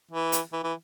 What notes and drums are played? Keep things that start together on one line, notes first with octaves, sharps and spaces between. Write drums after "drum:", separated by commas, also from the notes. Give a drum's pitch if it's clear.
E3
drum: hi-hat
E3
E3